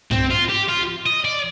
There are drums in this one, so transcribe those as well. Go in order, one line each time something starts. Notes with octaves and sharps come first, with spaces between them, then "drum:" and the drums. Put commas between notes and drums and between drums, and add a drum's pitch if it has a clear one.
C4, drum: tom G2
F4
G4
F4
D#5
D5